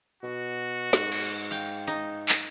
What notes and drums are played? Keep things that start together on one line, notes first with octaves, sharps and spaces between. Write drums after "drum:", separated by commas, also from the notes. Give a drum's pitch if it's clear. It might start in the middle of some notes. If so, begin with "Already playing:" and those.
B2 F#4
G#2, drum: snare
drum: cymbal
F5 G5
D#4, drum: hi-hat
drum: clap